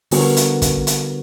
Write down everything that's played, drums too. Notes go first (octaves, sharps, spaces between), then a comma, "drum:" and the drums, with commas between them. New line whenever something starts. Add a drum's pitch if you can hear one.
D3 G3 B3 F#4 A#4 C#5, drum: open hi-hat
drum: hi-hat
drum: kick, hi-hat
drum: hi-hat